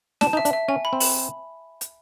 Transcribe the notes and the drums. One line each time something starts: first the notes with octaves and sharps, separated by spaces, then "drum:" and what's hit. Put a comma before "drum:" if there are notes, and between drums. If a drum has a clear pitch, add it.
D4 A5, drum: snare
D#4
E5
D4, drum: hi-hat
E5
C#4 G#5
B5
C4
B5, drum: open hi-hat
drum: hi-hat